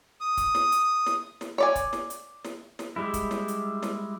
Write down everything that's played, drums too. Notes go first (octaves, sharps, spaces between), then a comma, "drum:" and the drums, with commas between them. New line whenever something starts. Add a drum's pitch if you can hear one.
D#6
drum: kick, hi-hat
drum: snare
drum: hi-hat
drum: snare
drum: snare
C#5 D5 G#5
drum: kick, hi-hat
drum: snare
drum: hi-hat
drum: snare
drum: snare
G3 G#3 E4
drum: kick, hi-hat
drum: snare
drum: hi-hat
drum: snare